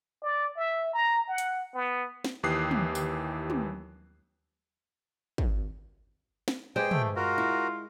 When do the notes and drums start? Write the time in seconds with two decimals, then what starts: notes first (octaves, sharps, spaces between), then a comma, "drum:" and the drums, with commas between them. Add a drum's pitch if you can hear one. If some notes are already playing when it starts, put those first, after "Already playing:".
0.23 D5
0.56 E5
0.93 A#5
1.28 F#5
1.38 drum: hi-hat
1.74 B3
2.24 drum: snare
2.43 D#2 E3 G4 D#6 F#6 C7
2.71 drum: tom
2.95 drum: tambourine
3.50 drum: tom
5.38 drum: kick
6.48 drum: snare
6.76 G#3 G4 G#4 B4 C5 D#5 G5
6.91 A3, drum: tom
7.16 F4 F#4 A#4
7.38 E4